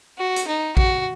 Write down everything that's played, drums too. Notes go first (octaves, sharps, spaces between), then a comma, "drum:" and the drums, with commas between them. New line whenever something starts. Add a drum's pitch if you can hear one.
F#4
drum: hi-hat
D#4
F#4, drum: kick A1